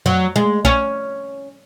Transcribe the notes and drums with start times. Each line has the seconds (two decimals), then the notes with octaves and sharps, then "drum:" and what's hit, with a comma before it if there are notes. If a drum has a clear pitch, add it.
0.06 F#3, drum: tom F2
0.36 G#3
0.65 C#4, drum: kick B1